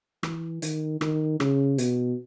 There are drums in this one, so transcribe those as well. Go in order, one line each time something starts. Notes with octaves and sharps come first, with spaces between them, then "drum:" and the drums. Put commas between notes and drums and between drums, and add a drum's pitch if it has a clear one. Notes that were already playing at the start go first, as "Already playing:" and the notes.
E3, drum: rim click
D#3, drum: hi-hat
D#3, drum: rim click
C#3, drum: rim click
B2, drum: hi-hat